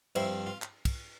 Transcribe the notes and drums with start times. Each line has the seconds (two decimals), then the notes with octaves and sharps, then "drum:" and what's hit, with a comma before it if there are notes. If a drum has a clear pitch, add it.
0.15 G2 F3 C4 E4, drum: cymbal
0.47 F4
0.62 drum: clap
0.85 drum: kick, cymbal